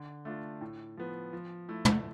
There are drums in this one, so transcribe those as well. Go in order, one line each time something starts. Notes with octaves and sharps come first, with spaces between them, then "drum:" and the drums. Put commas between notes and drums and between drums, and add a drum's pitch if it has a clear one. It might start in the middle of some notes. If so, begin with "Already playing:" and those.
Already playing: D3
A3 D4 F4
A2
F3 B3
F3
A3 E4
drum: tom